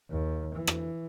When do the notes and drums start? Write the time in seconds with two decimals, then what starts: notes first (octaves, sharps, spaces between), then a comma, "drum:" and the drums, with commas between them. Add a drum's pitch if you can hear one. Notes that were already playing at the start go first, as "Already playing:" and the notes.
0.10 D#2
0.54 E3
0.67 drum: rim click